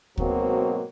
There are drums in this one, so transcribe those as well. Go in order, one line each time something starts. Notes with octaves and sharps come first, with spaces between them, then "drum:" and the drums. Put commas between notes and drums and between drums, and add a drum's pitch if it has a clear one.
G#2 B2 F#3 A#3 C4, drum: kick